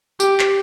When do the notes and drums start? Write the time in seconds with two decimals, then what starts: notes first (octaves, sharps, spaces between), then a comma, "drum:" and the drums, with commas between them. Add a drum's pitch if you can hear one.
0.20 G4, drum: tambourine
0.40 drum: clap